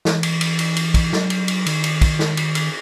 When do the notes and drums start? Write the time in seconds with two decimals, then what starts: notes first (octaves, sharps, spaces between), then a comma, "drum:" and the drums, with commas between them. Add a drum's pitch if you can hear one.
0.05 E3, drum: snare
0.23 drum: cymbal
0.41 drum: cymbal
0.59 drum: cymbal
0.76 drum: cymbal
0.94 drum: kick, cymbal
1.13 F#3, drum: snare
1.30 drum: cymbal
1.48 drum: cymbal
1.66 D#3, drum: cymbal
1.84 drum: cymbal
2.01 drum: kick, cymbal
2.19 drum: snare
2.37 drum: cymbal
2.55 drum: cymbal